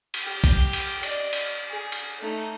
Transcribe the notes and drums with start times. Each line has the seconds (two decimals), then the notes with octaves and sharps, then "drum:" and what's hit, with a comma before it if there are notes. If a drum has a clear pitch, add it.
0.14 drum: cymbal
0.23 G4 G5
0.44 drum: kick, cymbal
0.73 drum: cymbal
1.03 D5 D#5, drum: cymbal
1.33 drum: cymbal
1.70 G#4
1.92 drum: cymbal
2.19 A3 D#4